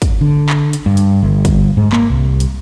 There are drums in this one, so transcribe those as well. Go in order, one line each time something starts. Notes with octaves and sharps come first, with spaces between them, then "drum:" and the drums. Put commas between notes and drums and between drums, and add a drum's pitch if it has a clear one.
drum: kick, hi-hat
D3
drum: clap
drum: hi-hat
G2
drum: hi-hat
G1
drum: kick, hi-hat
G#2
A#3, drum: clap
C2
drum: hi-hat